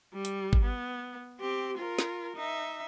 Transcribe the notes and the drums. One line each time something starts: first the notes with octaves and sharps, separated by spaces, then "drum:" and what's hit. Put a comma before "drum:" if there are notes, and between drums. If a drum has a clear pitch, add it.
G3
drum: hi-hat
drum: kick G#1
B3
C4 G4
F4 A#4
drum: snare
D#4 E5